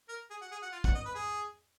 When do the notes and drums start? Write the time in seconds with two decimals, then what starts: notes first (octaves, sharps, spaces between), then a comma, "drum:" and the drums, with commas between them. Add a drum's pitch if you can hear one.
0.09 A#4
0.30 G#4
0.41 F#4
0.52 G#4
0.62 F#4
0.72 F4
0.84 F#4, drum: kick
0.95 D#5
1.06 B4
1.15 G#4